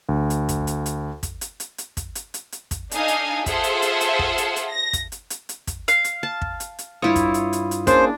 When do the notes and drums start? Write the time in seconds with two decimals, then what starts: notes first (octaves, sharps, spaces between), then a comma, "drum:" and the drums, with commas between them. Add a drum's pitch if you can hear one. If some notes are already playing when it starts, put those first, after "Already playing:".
0.09 D2
0.30 drum: hi-hat
0.49 drum: kick, hi-hat
0.67 drum: hi-hat
0.86 drum: hi-hat
1.23 drum: kick, hi-hat
1.41 drum: hi-hat
1.60 drum: hi-hat
1.78 drum: hi-hat
1.97 drum: kick, hi-hat
2.15 drum: hi-hat
2.34 drum: hi-hat
2.52 drum: hi-hat
2.71 drum: kick, hi-hat
2.91 D4 D#4 A4 D#5 F5 G#5, drum: hi-hat
3.08 drum: hi-hat
3.46 F4 G#4 A4 C5 E5 F#5, drum: kick, hi-hat
3.64 drum: hi-hat
3.82 drum: hi-hat
4.01 drum: hi-hat
4.19 drum: kick
4.38 drum: hi-hat
4.56 drum: hi-hat
4.70 A#6
4.93 drum: kick, hi-hat
5.12 drum: hi-hat
5.30 drum: hi-hat
5.49 drum: hi-hat
5.67 drum: kick, hi-hat
5.88 F5, drum: hi-hat
6.04 drum: hi-hat
6.23 A5
6.41 drum: kick
6.60 drum: hi-hat
6.79 drum: hi-hat
7.02 G2 E4 F4 C#5 D#6
7.16 drum: kick, hi-hat
7.34 drum: hi-hat
7.53 drum: hi-hat
7.71 drum: hi-hat
7.87 A#3 C#4 D4 G#4 C5, drum: kick, hi-hat